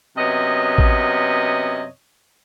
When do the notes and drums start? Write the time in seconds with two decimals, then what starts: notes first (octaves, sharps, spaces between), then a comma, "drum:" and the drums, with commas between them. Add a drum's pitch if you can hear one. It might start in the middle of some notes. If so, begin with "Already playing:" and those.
0.17 F#2 C3 B3 C#5 D#5
0.78 drum: kick A1